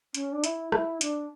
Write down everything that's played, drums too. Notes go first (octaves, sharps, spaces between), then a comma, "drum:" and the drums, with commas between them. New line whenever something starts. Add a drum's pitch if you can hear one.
C#4, drum: hi-hat
D4
E4, drum: hi-hat
E4, drum: rim click
D4, drum: hi-hat